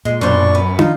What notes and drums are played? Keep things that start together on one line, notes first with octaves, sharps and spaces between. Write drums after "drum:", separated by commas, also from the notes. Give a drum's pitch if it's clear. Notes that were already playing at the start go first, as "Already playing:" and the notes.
A#2 G#3
F#2 B2 D4 C5 D5 C#6
B3
D#3 F3 D#4 F4, drum: tom